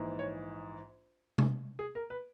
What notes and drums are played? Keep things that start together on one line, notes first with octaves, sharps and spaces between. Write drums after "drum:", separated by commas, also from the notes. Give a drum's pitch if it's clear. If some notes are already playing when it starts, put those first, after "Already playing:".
Already playing: A#1 G#2 E3
C#5
drum: tom C3
G#4
A#4
B4